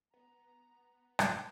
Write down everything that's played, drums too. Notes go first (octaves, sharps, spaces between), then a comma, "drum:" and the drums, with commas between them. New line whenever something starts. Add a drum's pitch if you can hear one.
B3 A#5
drum: rim click